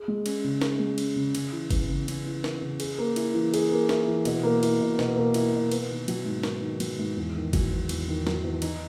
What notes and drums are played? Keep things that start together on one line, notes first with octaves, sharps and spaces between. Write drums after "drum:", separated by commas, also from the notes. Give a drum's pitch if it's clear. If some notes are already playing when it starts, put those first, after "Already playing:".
Already playing: G#4
G#3
C#4, drum: cymbal
C#3
G#4, drum: snare
G#3
C#4, drum: cymbal
C#3
C#3, drum: cymbal
E3
B3, drum: kick G1, cymbal
C#3
C#3, drum: cymbal
E3
B3, drum: snare
C#3
G#4, drum: cymbal
A#3
E4, drum: cymbal
E3
G#4, drum: cymbal
A#3
E4, drum: snare
E3
B2, drum: cymbal
A#3
E4, drum: cymbal
B2
B2, drum: snare
A#3
E4, drum: cymbal
B2
B3, drum: cymbal
D#3
F#3, drum: cymbal
G#2
B3, drum: snare
D#3
F#3, drum: cymbal
G#2
E2
D#3
F#3, drum: kick G1, cymbal
E2
E2, drum: cymbal
D#3
F#3, drum: snare
E2
D#4, drum: cymbal